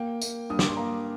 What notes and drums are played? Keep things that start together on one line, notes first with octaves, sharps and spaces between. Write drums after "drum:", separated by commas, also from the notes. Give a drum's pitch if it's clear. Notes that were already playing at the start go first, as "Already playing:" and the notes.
Already playing: A#3 G5
A#3, drum: tambourine
G2 D#6
D6, drum: snare
C6
A#3 A#5